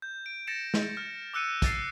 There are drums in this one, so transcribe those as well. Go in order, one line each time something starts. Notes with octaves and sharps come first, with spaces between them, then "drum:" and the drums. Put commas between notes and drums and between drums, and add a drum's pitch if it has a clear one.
G6
D7
A6 A#6 C#7 E7
drum: snare
F6
D6 E6 F#6 C#7 D#7
D6 A6 C7, drum: kick, hi-hat